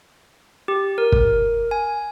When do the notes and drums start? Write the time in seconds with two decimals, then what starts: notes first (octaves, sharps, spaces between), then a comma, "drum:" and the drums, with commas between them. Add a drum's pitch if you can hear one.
0.68 G4
0.98 A#4
1.12 drum: kick
1.71 G#5